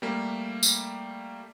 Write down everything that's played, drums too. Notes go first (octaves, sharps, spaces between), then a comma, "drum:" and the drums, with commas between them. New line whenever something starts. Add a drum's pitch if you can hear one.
G3 A3 A#3
drum: tambourine